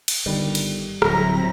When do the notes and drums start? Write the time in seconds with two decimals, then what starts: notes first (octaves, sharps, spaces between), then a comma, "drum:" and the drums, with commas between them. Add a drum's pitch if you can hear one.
0.08 drum: cymbal
0.26 G1 D3 D#3 G3
0.55 drum: cymbal
1.02 D1 F#3 C4 E4 A#5, drum: rim click